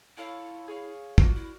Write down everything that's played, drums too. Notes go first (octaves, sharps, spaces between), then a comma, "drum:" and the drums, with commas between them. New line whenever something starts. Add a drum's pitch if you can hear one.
E4 F4 A4 C#5 F5
G#4 C#5 F5
F4 F#4 A#4 D5, drum: kick
E4